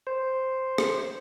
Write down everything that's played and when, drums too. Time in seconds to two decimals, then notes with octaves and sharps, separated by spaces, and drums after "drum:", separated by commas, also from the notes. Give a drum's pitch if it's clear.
0.07 C5
0.78 drum: rim click